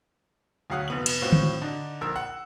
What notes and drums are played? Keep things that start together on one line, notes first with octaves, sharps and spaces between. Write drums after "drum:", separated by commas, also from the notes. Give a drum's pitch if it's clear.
D2 F#3 F5 F#5 D#6 F#6
F1 B3 F#7
drum: cymbal
A2 C4 F4 F#4
drum: tom D3
D3 D4 D#4
A#1 A#4 E6
F#5